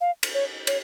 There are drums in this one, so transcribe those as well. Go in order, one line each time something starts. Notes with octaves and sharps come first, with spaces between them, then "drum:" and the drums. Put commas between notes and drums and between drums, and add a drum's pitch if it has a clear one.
F5
drum: cymbal
C#5
C#5, drum: cymbal